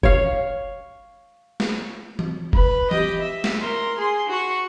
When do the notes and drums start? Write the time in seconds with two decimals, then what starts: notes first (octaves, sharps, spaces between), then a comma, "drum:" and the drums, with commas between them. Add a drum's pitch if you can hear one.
0.03 C#5 F5, drum: kick F1
1.60 drum: snare
2.19 drum: tom E3
2.53 B4, drum: kick F1
2.91 G4 D#5, drum: tom E3
3.21 E5
3.44 drum: snare
3.62 A#4 C6
3.98 G#4 C6
4.29 F#4 C#6